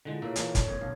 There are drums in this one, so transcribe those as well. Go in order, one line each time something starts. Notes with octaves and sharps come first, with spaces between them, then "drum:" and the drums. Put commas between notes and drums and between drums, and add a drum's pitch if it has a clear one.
D3 G#3 E4 F4 G#4
A#2 A#3 E4 A4 C#5 E5
A#2 E3 A#3, drum: hi-hat
D4 C#5, drum: kick, hi-hat
F2 A#2 G#6
B1 F#2 F5